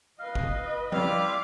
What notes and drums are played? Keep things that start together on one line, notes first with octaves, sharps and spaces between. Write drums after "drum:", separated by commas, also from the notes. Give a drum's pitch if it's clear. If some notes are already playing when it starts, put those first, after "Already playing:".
B4 D#5 F5
drum: kick G1
G3 E4 F4 F5 D6, drum: tom F3